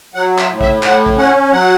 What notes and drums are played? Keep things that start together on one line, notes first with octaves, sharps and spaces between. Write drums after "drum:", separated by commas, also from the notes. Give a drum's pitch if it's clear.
F#3 F#5
E5, drum: clap
A2
E5, drum: kick
A2 F#5, drum: clap
drum: kick
C#4 F#5
F#3 F#5